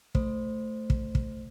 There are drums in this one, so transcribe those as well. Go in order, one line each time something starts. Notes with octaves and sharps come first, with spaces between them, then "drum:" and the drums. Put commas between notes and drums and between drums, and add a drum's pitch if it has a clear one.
A3 C5, drum: kick
drum: kick
drum: kick